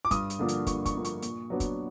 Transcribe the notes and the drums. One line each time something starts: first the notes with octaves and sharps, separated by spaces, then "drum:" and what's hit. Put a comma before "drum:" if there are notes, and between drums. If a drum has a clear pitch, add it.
D6
G2 D#6, drum: kick, hi-hat
drum: hi-hat
D3 F3 A#3 D4
drum: hi-hat
G2 C#6, drum: kick, hi-hat
C#6, drum: kick, hi-hat
D3 F3 A#3 D4
C#6, drum: hi-hat
A#2, drum: hi-hat
F#3 B3 D4
drum: kick, hi-hat